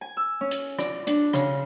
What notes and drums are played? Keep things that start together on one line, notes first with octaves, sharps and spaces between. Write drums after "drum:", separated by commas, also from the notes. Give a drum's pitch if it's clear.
G#5
E6
C#4
drum: hi-hat
D5, drum: rim click
D4, drum: hi-hat
C#3, drum: rim click